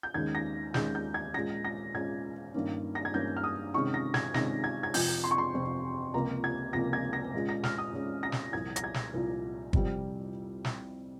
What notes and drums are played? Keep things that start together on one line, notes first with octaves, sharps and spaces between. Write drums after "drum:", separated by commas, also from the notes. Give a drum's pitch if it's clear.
G6
D#2 D#3 G#3 C#4 G#6
A#6
D#2 D#3 G#3 C#4 G6, drum: snare
G6
G#6
A#2 G#3 C#4 A#6
A#6
A#2 G#3 C#4 G#6
G2 D#3 A#3 C#4
A#6
G#6
G2 D#3 A#3 C#4 G6
F6
D#6
C3 D#3 G#3 C#4 C#6
A#6
G#6, drum: snare
C3 D#3 G#3 C#4 A#6, drum: snare
G#6
G#6
F2 C3 F3 C4 G6, drum: open hi-hat
C6
C#6
C6
F2 C3 F3 C4
C#2 C3 F3 A#3 A#5
G#6
C#2 C3 F3 A#3 A#6
G#6
A#6
A#2 G#3 C#4
A#6
F6, drum: snare
D#6
A#2 G#3 C#4
A#6
drum: snare
C2 A#2 F3 G#6
A#6, drum: hi-hat
G#6
drum: snare
C2 A#2 F3
F2 C3 G3 C4, drum: kick
drum: snare